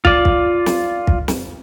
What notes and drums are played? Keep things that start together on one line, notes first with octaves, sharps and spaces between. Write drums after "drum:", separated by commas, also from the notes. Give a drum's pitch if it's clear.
F4 D5, drum: kick
drum: kick
drum: snare
drum: kick
drum: snare